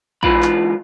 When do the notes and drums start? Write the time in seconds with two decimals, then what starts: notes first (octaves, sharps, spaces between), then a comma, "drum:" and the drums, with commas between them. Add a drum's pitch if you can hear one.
0.23 G#2 E3 F4 B5, drum: kick
0.42 drum: clap